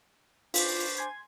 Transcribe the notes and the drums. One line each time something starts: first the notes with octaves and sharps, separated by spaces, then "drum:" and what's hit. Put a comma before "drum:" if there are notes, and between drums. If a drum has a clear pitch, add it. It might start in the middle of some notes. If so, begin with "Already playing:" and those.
D4 F4 C5 B5, drum: open hi-hat
G#5 C6 G#6